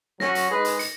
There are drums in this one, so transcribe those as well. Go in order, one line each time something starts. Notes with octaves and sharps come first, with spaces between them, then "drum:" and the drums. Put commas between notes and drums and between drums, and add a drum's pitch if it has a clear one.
F#3 C#4 F#4 A#6, drum: snare
drum: hi-hat
G#3 D#4 G#4 B4
drum: hi-hat
C#7, drum: hi-hat